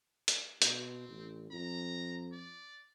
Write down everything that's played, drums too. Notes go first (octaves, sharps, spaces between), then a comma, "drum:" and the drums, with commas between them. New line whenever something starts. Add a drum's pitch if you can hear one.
drum: hi-hat
B2 C4, drum: hi-hat
A1
F2 A#5
D5